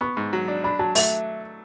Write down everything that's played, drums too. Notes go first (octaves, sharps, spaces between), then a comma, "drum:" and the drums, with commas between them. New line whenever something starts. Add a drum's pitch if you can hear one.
B3 C#6
G#2
F#3
D4
D4 B5
F#3 A5
A3 E5, drum: open hi-hat